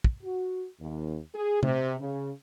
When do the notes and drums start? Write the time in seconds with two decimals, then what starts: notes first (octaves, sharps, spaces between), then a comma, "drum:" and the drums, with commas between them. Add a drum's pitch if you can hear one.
0.04 drum: kick
0.23 F#4
0.80 D#2
1.33 G#4
1.63 C3, drum: tom C3
1.99 C#3